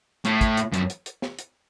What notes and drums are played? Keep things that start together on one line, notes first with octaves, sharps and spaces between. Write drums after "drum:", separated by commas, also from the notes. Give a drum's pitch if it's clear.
A2, drum: hi-hat
drum: kick, hi-hat
drum: hi-hat
F#2, drum: hi-hat
drum: hi-hat
drum: hi-hat
drum: snare
drum: hi-hat